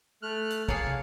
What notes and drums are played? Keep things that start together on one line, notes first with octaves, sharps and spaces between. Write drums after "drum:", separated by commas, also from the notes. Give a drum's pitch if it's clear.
A3 F6 F#6
drum: hi-hat
A#3 G#4 C#5 F5 A5, drum: kick
drum: tom